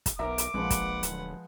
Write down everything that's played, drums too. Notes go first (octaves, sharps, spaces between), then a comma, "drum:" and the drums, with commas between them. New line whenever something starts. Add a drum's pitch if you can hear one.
drum: kick, hi-hat
B1 A#4 E5 A#5 D6
drum: hi-hat
A#1 F3 G#3 B4 F#5
drum: kick, hi-hat
D1, drum: hi-hat